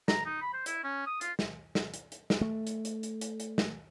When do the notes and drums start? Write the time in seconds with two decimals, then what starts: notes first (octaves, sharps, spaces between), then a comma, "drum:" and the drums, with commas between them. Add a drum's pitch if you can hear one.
0.08 A#5, drum: snare
0.25 D#4
0.42 B5
0.53 C5
0.66 E4, drum: hi-hat
0.84 C#4
1.06 D#6
1.21 F4, drum: hi-hat
1.39 drum: snare
1.75 drum: snare
1.94 drum: hi-hat
2.12 drum: hi-hat
2.30 drum: snare
2.41 A3
2.67 drum: hi-hat
2.85 drum: hi-hat
3.03 drum: hi-hat
3.21 drum: hi-hat
3.40 drum: hi-hat
3.58 drum: snare